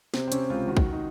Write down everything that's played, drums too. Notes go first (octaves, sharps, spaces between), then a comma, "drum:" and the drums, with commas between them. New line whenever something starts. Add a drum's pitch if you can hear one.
C3 C4, drum: snare
C4
C3 C#4, drum: hi-hat
C#2 F4
D#3 F#4
drum: kick
D#4